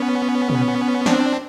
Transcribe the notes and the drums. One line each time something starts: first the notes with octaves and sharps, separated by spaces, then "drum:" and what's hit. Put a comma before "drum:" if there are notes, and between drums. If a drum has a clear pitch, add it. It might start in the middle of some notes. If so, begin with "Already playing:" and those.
Already playing: B3 C#4
drum: tom A#2
C4 D4, drum: snare